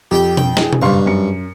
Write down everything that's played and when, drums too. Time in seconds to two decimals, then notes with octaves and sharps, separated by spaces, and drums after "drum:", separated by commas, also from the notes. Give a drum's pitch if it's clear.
0.11 F2 G4 G5
0.37 G5, drum: tom B2
0.57 E3 G#4, drum: snare
0.73 drum: tom B2
0.82 F#1 G2 F5 C6 C#6
1.06 F#2 C#7